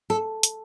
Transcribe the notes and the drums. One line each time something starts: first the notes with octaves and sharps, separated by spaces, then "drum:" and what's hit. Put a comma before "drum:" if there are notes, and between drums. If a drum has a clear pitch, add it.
A4
drum: hi-hat